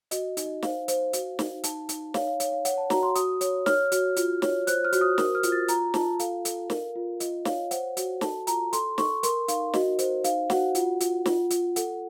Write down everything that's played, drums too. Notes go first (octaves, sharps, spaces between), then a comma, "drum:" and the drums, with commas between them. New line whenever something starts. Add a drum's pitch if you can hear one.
F#4 D#5, drum: hi-hat
D#4, drum: hi-hat
D#5
C5 F5, drum: snare
C5, drum: hi-hat
F#4, drum: hi-hat
D#4, drum: snare
D#4 A5, drum: hi-hat
D#4, drum: hi-hat
C#5 F5, drum: snare
F5
C#5, drum: hi-hat
F5
C#5 F#5, drum: hi-hat
A5
F#4 A#5, drum: snare
C6
F#4 D#6, drum: hi-hat
C#5, drum: hi-hat
C#5 F6, drum: snare
F#4, drum: hi-hat
F4, drum: hi-hat
C#5, drum: snare
C5 F#6, drum: hi-hat
F6
F#4, drum: hi-hat
D#6
A#4 D#6, drum: snare
F6
F4, drum: hi-hat
A6
F4 A#5, drum: hi-hat
F4 A5, drum: snare
A4 F5, drum: hi-hat
A4, drum: hi-hat
A#4, drum: snare
F4
F4 D#5, drum: hi-hat
C#5 F5, drum: snare
C5 F#5, drum: hi-hat
F#4, drum: hi-hat
A4 A5, drum: snare
F4 A#5, drum: hi-hat
A4 C6, drum: hi-hat
A4 C#6, drum: snare
A#4 C6, drum: hi-hat
D#4 F5, drum: hi-hat
F#4 D#5, drum: snare
C5, drum: hi-hat
D#4 F5, drum: hi-hat
F#4 F#5, drum: snare
F4 F#5, drum: hi-hat
F4, drum: hi-hat
F4, drum: snare
F4, drum: hi-hat
A4 F#5, drum: hi-hat